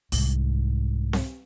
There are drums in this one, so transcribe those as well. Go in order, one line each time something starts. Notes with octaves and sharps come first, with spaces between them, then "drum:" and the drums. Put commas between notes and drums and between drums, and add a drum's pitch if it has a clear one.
C2 G#2, drum: open hi-hat
drum: snare C4